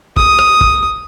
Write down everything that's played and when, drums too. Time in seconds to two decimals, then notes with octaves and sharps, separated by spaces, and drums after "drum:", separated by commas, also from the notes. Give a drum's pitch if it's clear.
0.17 D#6, drum: kick
0.39 drum: rim click
0.61 drum: kick